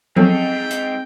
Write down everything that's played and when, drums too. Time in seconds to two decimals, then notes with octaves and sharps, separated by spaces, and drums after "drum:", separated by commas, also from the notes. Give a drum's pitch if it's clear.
0.16 F3 G#3 C4 C#4 D#4 A4 G5, drum: tom F#3
0.71 drum: hi-hat